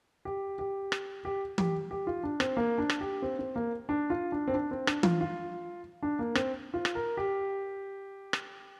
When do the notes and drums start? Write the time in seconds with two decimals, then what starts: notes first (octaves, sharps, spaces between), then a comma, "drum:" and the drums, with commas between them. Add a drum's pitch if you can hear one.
0.25 G4
0.59 G4
0.92 drum: rim click
1.25 G4
1.58 G4, drum: tom
1.91 G4
2.07 F4
2.23 D4
2.40 C4, drum: rim click
2.57 A#3
2.78 D4
2.90 drum: rim click
3.01 G4
3.22 C4
3.39 C4
3.56 A#3
3.89 D4
4.10 F4
4.32 D4
4.48 C4
4.54 D4
4.71 C4
4.87 D4, drum: rim click
5.03 F4, drum: tom
5.21 F4
6.03 D4
6.19 A#3
6.35 C4, drum: rim click
6.74 F4
6.85 drum: rim click
6.95 A#4
7.17 G4
8.33 drum: rim click